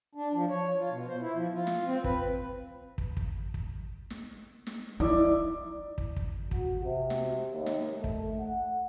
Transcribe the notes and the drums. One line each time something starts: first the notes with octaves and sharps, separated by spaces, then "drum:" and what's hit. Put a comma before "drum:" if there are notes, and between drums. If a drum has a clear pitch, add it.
D4
F3
C#5
F4
B2
C5
E4
F3
F4
drum: snare
C4
B4, drum: kick
drum: kick
drum: kick
drum: kick
drum: snare
drum: snare
D#4 E4 D5 E5
drum: kick
drum: kick
F#4, drum: kick
C3
drum: snare
D#2
drum: snare
A3
drum: kick
F#5